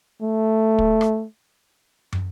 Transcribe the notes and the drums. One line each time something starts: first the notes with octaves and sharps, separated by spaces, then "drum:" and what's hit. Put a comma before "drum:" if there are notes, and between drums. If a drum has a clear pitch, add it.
A3
drum: kick
drum: rim click
drum: tom